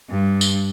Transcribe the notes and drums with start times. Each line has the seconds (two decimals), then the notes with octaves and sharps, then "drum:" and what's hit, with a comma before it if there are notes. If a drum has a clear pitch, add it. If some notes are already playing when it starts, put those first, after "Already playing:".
0.10 G2
0.41 drum: tambourine